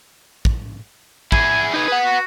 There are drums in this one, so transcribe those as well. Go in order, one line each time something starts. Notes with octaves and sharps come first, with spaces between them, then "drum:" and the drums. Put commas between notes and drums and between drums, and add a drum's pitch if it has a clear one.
drum: kick
E4 G#4 G#5, drum: kick
D#4 G#4 B4
B4 F#5
F#4